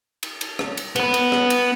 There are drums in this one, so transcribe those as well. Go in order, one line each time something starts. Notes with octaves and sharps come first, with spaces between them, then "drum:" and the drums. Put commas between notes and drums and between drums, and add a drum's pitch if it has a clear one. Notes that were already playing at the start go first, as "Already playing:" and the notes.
drum: cymbal
drum: cymbal
drum: rim click
drum: cymbal
B3 B4, drum: cymbal
drum: cymbal
drum: rim click
drum: cymbal